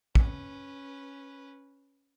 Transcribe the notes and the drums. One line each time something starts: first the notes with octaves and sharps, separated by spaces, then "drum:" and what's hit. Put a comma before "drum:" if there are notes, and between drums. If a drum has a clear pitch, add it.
C#4 B4, drum: kick